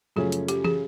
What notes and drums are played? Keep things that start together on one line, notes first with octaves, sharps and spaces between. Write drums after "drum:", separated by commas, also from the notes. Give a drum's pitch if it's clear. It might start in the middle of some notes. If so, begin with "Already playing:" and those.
F#2 C#3 F3 A3 C#4 G#4
drum: hi-hat
G4, drum: hi-hat
G#4, drum: tom